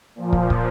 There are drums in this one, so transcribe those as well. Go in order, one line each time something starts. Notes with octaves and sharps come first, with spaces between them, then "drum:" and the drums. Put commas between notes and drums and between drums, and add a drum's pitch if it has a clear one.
A#2 F3
drum: kick
drum: kick